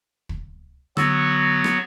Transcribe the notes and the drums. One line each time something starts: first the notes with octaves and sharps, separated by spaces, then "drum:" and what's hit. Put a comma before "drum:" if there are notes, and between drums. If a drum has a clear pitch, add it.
drum: kick
D3 F#3 B3 F#4 E6, drum: rim click
drum: rim click